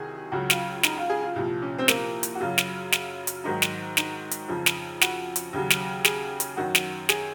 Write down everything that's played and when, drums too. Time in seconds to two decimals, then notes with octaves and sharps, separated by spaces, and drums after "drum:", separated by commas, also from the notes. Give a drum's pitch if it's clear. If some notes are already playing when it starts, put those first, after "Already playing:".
Already playing: C2 C3 D#3 F#3 G#4
0.32 C#2 C#3 F#3 F#4
0.50 F4, drum: snare
0.83 D#4, drum: snare
0.97 F4
1.10 G#4
1.22 F4
1.36 C2 A#2 F3
1.62 C#4
1.78 C4
1.88 A#3, drum: snare
2.23 drum: hi-hat
2.35 F#4
2.40 F#2 C#3 F#3 F4
2.58 drum: snare
2.92 drum: snare
3.27 drum: hi-hat
3.44 G#2 D#3 F#3 D#4
3.62 drum: snare
3.97 D#4, drum: snare
4.31 drum: hi-hat
4.49 F2 C#3 F3
4.66 drum: snare
5.01 F#4, drum: snare
5.36 drum: hi-hat
5.53 D#2 C#3 F#3
5.70 drum: snare
6.05 G#4, drum: snare
6.40 drum: hi-hat
6.57 F#2 D#3 F#3 F#4
6.75 drum: snare
7.09 G#4, drum: snare